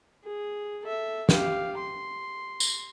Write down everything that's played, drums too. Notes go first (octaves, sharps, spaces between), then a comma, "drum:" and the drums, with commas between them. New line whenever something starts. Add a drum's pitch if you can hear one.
G#4
A4 E5
G4 F5, drum: snare
C6
drum: tambourine